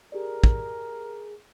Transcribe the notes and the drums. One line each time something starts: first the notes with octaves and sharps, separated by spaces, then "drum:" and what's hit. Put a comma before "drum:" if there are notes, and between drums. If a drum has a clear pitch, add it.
G4 G#4 A#4 D5
drum: kick